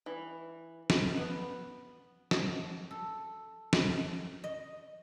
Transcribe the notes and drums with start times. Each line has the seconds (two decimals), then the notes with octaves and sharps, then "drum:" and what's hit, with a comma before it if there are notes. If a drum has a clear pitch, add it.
0.06 E3
0.90 drum: snare
1.17 B3
2.31 drum: snare
2.91 A4
3.73 drum: snare
4.44 D#5